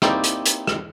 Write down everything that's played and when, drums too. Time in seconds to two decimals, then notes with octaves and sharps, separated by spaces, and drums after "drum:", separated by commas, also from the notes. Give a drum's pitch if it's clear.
0.02 A#3 C4 D#4 E4 G4 D5, drum: rim click
0.24 drum: hi-hat
0.46 drum: hi-hat
0.67 drum: rim click